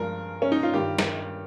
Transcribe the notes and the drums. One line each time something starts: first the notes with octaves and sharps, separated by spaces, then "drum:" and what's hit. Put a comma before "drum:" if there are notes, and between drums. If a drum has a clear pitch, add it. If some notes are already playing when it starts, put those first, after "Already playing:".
Already playing: G2 F3 G#3 A#4
C#4
D#4
F4
G2 D#3 G3 G4
drum: snare